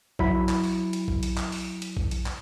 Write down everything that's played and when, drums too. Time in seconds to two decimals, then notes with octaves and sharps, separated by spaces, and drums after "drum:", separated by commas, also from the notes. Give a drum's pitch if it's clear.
0.19 F#3 E4 B5, drum: kick A#1
0.49 drum: clap
0.64 drum: open hi-hat
0.93 drum: hi-hat
1.08 drum: kick A#1
1.23 drum: hi-hat
1.38 drum: clap
1.52 drum: open hi-hat
1.82 drum: hi-hat
1.97 drum: kick A#1
2.11 drum: hi-hat
2.26 drum: clap